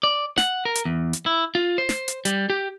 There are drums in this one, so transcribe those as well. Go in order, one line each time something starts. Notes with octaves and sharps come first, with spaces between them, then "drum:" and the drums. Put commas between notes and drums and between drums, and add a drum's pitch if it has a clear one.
D5
F#5, drum: snare
A#4
drum: hi-hat
E2
drum: hi-hat
E4
F4
C5
drum: snare
drum: hi-hat
G3, drum: hi-hat
G4